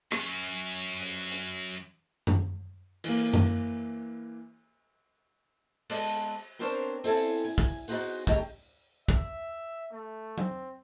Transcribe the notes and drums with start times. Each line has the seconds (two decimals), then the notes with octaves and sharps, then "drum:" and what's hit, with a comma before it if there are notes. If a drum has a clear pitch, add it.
0.12 F#2 C#4, drum: rim click
1.00 drum: open hi-hat
1.32 drum: hi-hat
2.27 drum: tom F#2
3.04 E3 A#3, drum: cymbal
3.34 drum: tom F#2
5.90 G#3 B3 D5 A5, drum: cymbal
6.59 B3 C4 D4 A#4 C5 C#5
7.04 C4 E4 A4 G#5, drum: open hi-hat
7.45 G#5
7.58 drum: kick
7.88 B3 D#4 F#4 G#4 C5 F#5, drum: open hi-hat
8.27 A3 D#4 G4 G#4, drum: kick
9.08 E5, drum: kick
9.92 A3
10.38 C4, drum: tom F#3